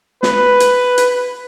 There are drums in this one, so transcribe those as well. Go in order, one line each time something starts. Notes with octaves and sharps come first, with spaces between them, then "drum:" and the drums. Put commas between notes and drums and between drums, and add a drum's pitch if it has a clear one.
B4, drum: snare
drum: hi-hat
drum: hi-hat